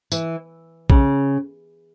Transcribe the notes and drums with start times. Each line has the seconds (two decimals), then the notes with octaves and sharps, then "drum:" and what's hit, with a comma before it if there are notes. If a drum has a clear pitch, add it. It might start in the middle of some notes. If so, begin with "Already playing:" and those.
0.12 E3, drum: tambourine
0.90 C#3, drum: kick A#1